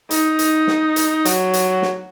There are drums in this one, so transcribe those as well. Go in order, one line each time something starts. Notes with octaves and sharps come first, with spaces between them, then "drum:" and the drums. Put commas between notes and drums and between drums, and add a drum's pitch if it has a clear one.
D#4, drum: hi-hat
drum: hi-hat
drum: snare
drum: hi-hat
F#3, drum: hi-hat
drum: hi-hat
drum: snare